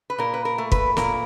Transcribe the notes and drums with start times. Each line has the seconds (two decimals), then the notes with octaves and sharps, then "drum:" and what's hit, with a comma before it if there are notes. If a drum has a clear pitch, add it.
0.10 B4
0.18 A#2 A#4
0.34 B4
0.45 A#4
0.58 A3
0.72 B4, drum: kick
0.97 A#2 A#4, drum: snare